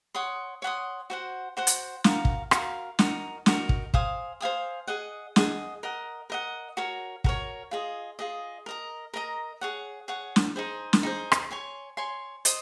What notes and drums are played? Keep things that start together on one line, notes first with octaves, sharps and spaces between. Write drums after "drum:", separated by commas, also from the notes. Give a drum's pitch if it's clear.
C#5 F#5 C6 D#6
C#5 F#5 C6 D#6
F#4 C5 F#5
F#4 C5 F#5
drum: hi-hat
F#4 A#4 F5, drum: snare
drum: kick
F#4 A#4 F5, drum: rim click
D#4 F#4 A#4, drum: snare
D#4 F#4 A#4, drum: snare
drum: kick
C5 F5 G#5 D#6, drum: kick
C5 F5 G#5 D#6
G#4 D#5 F#5
G#4 D#5 F#5, drum: snare
A#4 D#5 F#5
A#4 D#5 F#5
F#4 A#4 C#5
F#4 A#4 C#5, drum: kick
F4 G#4 D#5
F4 G#4 D#5
A#4 D#5 A#5
A#4 D#5 A#5
G#4 C#5 F#5
G#4 C#5 F#5
drum: snare
D#4 G#4 C5
drum: snare
D#4 G#4 C5
drum: rim click
C#5 G#5 C6
C#5 G#5 C6
C5 D#5, drum: hi-hat